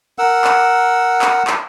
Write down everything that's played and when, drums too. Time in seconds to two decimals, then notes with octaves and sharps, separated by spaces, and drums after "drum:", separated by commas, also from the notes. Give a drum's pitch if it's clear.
0.19 A#4 F#5 E6
0.44 drum: clap
1.22 drum: clap
1.47 drum: clap